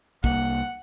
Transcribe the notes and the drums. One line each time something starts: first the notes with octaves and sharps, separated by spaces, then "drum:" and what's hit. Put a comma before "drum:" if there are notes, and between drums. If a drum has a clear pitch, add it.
C2 A#3 F#5, drum: kick